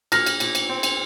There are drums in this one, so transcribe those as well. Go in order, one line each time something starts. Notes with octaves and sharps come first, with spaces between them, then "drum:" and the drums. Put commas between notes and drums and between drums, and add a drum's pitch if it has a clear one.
A#2 F6 A#6, drum: cymbal
drum: cymbal
A#2, drum: cymbal
drum: cymbal
C4
drum: cymbal